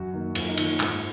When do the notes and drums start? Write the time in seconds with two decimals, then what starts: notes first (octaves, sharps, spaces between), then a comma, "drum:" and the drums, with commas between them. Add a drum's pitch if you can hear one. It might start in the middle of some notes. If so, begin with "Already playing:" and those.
Already playing: F#2 F#4
0.13 D#3 A#3
0.35 F#2 F4, drum: cymbal
0.48 D#4
0.57 D#3 A#3 F4, drum: cymbal
0.80 G#2, drum: clap